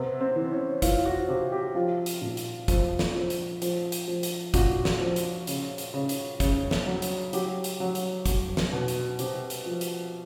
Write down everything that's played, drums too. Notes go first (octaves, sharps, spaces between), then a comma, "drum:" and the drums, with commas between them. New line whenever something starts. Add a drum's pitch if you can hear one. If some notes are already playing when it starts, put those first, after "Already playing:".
Already playing: C3 B3
C4
E3
C#4
E3 F4, drum: kick, hi-hat
F#4
C3 G4
G4
F3 F4
drum: hi-hat
A#2
drum: hi-hat
F3, drum: kick, hi-hat
drum: snare
F3
drum: hi-hat
F3, drum: hi-hat
drum: hi-hat
F3
drum: hi-hat
A#2 F#4, drum: kick, hi-hat
drum: snare
F3
drum: hi-hat
C#3, drum: hi-hat
drum: hi-hat
C#3
drum: hi-hat
C#3, drum: kick, hi-hat
drum: snare
F#3
drum: hi-hat
F#3 G4, drum: hi-hat
drum: hi-hat
F#3
drum: hi-hat
F#3, drum: kick, hi-hat
drum: snare
B2
drum: hi-hat
C3 G4, drum: hi-hat
drum: hi-hat
F3
drum: hi-hat